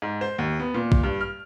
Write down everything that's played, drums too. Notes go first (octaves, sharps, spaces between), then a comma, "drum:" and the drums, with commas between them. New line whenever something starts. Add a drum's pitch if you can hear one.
G#2
C5
D#2
B3
A#2
drum: kick
G2
F6